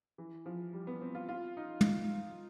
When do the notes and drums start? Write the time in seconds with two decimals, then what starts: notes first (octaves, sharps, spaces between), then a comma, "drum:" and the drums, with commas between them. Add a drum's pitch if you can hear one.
0.18 E3
0.46 F3
0.73 G3
0.87 B3
1.01 C4
1.15 F4
1.29 F4
1.57 D#4
1.81 drum: tom